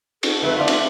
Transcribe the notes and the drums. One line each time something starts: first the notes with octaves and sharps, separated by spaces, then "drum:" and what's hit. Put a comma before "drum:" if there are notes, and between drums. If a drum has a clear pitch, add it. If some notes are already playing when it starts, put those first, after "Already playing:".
A4, drum: cymbal
F2 A3 B4
A3 F4 D5 C6
drum: cymbal